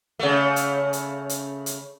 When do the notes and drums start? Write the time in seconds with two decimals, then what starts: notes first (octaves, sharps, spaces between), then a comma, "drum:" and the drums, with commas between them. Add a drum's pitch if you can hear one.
0.19 C#3 A3
0.56 drum: hi-hat
0.93 drum: hi-hat
1.29 drum: hi-hat
1.66 drum: hi-hat